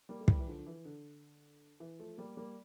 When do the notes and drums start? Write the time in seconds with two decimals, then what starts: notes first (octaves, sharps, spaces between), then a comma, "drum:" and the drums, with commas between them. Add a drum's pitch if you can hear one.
0.09 G3 A#3
0.21 A3
0.28 E3 G3, drum: kick
0.39 E3
0.48 D3 F3
0.58 D3
0.66 E3
0.85 D3
1.80 E3
1.99 F3 A3
2.18 G3 A#3
2.37 G3 A#3